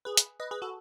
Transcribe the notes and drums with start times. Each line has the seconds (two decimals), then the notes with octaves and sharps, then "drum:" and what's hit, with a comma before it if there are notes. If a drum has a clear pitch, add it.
0.05 G#4 B4
0.17 drum: hi-hat
0.40 B4 D#5
0.51 G#4 B4
0.62 F#4 A4